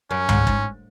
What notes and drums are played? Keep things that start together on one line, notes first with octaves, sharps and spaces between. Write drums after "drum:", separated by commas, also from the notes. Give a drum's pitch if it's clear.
F#2 C#4
G#2, drum: tom C#2
G#2, drum: kick